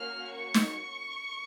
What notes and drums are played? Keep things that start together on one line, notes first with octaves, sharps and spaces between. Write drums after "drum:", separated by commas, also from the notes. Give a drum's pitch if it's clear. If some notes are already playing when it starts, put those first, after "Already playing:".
Already playing: A#3 C#4 F#4 F6
C#6
drum: snare